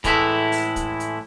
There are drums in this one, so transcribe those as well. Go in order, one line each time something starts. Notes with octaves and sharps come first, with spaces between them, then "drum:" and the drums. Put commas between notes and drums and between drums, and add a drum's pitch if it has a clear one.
A2 E3 G#3 A3 E4, drum: kick, hi-hat
drum: open hi-hat
drum: kick, hi-hat
drum: hi-hat